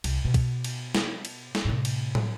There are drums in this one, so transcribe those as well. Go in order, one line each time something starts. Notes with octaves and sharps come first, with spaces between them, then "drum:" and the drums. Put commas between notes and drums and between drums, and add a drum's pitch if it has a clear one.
C2, drum: cymbal
B2
drum: kick B1, cymbal
drum: cymbal
drum: snare
drum: cymbal
drum: snare
A2 C3
drum: cymbal
drum: tom